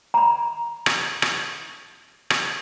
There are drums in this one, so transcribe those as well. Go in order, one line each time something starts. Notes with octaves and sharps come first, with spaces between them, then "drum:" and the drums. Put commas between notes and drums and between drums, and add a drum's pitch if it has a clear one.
A#5 B5
drum: rim click
drum: rim click
drum: rim click